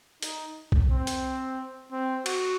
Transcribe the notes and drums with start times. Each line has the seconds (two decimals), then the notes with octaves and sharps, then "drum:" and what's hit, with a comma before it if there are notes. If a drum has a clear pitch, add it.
0.22 D#4, drum: hi-hat
0.72 drum: kick B1
0.91 C4
1.07 drum: hi-hat
1.92 C4
2.26 F#4, drum: cymbal